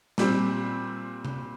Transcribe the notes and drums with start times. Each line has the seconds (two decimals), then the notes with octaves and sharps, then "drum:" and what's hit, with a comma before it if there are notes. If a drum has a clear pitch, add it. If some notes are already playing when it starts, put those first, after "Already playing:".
0.18 A#2 G3 C4, drum: snare
1.25 drum: tom C3